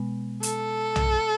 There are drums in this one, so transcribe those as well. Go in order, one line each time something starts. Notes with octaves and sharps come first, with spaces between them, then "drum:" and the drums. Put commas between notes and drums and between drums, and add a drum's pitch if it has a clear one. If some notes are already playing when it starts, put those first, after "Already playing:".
Already playing: B2 G#3 B3
A4, drum: hi-hat
drum: tom B1